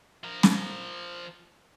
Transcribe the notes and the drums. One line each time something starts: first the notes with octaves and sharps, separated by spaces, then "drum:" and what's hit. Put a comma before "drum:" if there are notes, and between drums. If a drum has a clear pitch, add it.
F3 A#4
drum: snare